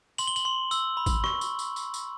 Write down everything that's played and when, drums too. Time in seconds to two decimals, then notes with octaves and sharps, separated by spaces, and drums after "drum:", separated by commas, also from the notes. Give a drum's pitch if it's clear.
0.18 C6 F#7, drum: tambourine
0.27 G7
0.36 F#7, drum: tambourine
0.45 C6
0.71 E6, drum: tambourine
0.97 B5
1.06 drum: kick A1, tambourine
1.24 C#6, drum: rim click
1.41 drum: tambourine
1.59 drum: tambourine
1.76 drum: tambourine
1.94 drum: tambourine